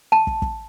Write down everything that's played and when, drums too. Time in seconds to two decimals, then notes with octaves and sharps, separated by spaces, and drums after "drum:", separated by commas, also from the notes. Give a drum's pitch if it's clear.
0.12 A5
0.27 drum: kick
0.42 drum: kick